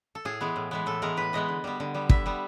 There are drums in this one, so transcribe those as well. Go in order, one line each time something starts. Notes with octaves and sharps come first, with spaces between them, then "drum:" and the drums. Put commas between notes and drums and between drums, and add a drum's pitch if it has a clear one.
A4
A2 G#4
E3 G#3 B3
A2
E3 G#3 B3
A2 A4
E3 G#3 B3 A#4
A2 B4
E3 G#3 B3 D#5
D3
G3 B3
D3
G3 B3
D3 E5, drum: kick
G3 B3